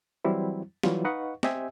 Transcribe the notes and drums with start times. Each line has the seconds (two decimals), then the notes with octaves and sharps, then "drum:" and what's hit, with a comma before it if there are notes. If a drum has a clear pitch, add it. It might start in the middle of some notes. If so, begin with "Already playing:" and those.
0.25 E3 F#3 G3 C4 E4
0.83 E3 F#3 G3 F4, drum: snare
1.05 D#4 B4 D#5 F5 F#5 C#6
1.43 C4 G4 D#5 E5 G5 G#5, drum: snare